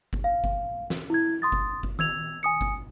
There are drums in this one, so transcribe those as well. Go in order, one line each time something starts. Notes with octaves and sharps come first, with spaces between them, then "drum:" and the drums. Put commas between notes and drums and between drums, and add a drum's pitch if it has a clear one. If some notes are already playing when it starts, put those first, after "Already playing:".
drum: kick G1
F5
drum: kick G1
drum: snare
E4 G#6
C6 D#6 A6
drum: kick G1
drum: kick G1
E6 G#6 F7, drum: tom D#3
G#5 D#6 C#7
drum: kick G1